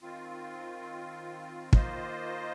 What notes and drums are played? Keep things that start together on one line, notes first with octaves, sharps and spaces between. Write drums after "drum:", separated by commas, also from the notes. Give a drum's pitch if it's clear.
D#3 C4 F4
D#3 A#3 F4 C5 D#5, drum: kick